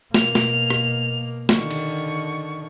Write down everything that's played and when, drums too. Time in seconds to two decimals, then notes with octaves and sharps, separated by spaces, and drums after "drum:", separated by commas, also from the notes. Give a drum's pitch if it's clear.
0.14 B2 A#3 F7, drum: snare
0.35 drum: snare
0.70 drum: rim click
1.49 D3 D#3 C#6, drum: snare
1.70 drum: cymbal